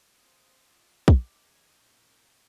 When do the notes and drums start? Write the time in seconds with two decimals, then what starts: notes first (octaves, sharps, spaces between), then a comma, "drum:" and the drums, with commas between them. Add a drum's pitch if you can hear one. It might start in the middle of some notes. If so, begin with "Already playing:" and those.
0.19 C4 F4 G#4 C5 C6
0.66 F4 D6 E6
1.08 D#4 G4 D6 F#6, drum: kick
1.41 E2 C#3 G#6
1.72 A#2 C#4 G6